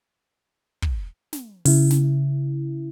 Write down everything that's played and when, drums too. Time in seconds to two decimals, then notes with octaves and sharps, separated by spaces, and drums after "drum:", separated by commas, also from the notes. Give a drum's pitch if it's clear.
0.82 drum: kick
1.33 drum: snare
1.65 C#3 E4, drum: open hi-hat
1.91 drum: snare